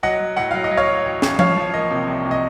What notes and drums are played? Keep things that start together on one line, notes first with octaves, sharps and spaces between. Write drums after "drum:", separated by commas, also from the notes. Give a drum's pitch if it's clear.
F#3 D#5 F#5
F#3
A2 F#5
F#3 F5
D#5
F#3
C#5 F5
F#3
A1
A1, drum: snare
F3 C#5 F5, drum: tom F3
F3
A#3 D#5
C3
C2
C3
D#5